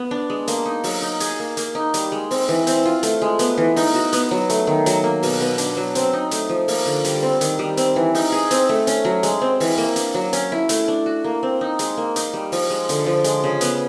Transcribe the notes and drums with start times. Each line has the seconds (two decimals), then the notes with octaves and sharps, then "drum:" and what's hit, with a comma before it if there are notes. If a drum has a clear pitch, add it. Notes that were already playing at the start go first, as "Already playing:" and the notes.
Already playing: B3
0.11 D4
0.30 G#3
0.48 A#3, drum: hi-hat
0.66 D#4
0.84 F#3, drum: open hi-hat
1.02 D#4
1.20 G#4, drum: hi-hat
1.39 A#3
1.57 A#3, drum: hi-hat
1.75 D#4
1.94 G3, drum: hi-hat
2.12 G#3
2.31 C4, drum: open hi-hat
2.49 E3
2.67 C4, drum: hi-hat
2.85 F4
3.03 A3, drum: hi-hat
3.22 G#3
3.39 B3, drum: hi-hat
3.58 E3
3.76 D#4, drum: open hi-hat
3.95 F#4
4.13 B3, drum: hi-hat
4.31 F#3
4.50 A3, drum: hi-hat
4.67 D#3
4.86 F#3, drum: hi-hat
5.04 A#3
5.23 B2, drum: open hi-hat
5.41 B3
5.58 D4, drum: hi-hat
5.77 F#3
5.95 C4, drum: hi-hat
6.13 D#4
6.31 A3, drum: hi-hat
6.49 F3
6.68 A#3, drum: open hi-hat
6.86 D3
7.05 G3, drum: hi-hat
7.23 C4
7.41 D#3, drum: hi-hat
7.59 G3
7.77 C4, drum: hi-hat
7.96 E3
8.15 D#4, drum: open hi-hat
8.32 G#4
8.51 C4, drum: hi-hat
8.69 A3
8.87 C#4, drum: hi-hat
9.05 F#3
9.23 G#3, drum: hi-hat
9.41 C4
9.60 E3, drum: open hi-hat
9.78 A#3
9.96 D4, drum: hi-hat
10.14 F#3
10.33 C#4, drum: hi-hat
10.52 E4
10.69 A3, drum: hi-hat
10.88 D4
11.06 F#4
11.24 A#3
11.43 C4
11.61 D#4
11.79 G#3, drum: hi-hat
11.97 A#3
12.16 D#4, drum: hi-hat
12.33 G3
12.52 F3, drum: open hi-hat
12.70 G#3
12.89 D3, drum: hi-hat
13.06 F3
13.24 G#3, drum: hi-hat
13.44 C#3
13.61 B3, drum: hi-hat